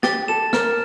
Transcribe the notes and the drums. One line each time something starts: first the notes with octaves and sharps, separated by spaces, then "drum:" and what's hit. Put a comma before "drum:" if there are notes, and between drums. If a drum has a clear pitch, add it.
G4 A6, drum: snare
A4 E7
A#4 F6, drum: snare